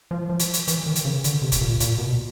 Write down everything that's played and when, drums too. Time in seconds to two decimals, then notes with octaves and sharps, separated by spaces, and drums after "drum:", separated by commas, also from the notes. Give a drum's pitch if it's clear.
0.11 F3
0.29 F3
0.39 drum: hi-hat
0.53 drum: hi-hat
0.68 E3, drum: hi-hat
0.86 D#3
0.96 drum: hi-hat
1.05 C#3
1.24 D3, drum: hi-hat
1.42 C3
1.52 drum: kick C#2, hi-hat
1.61 A#2
1.80 A#2, drum: hi-hat
1.98 B2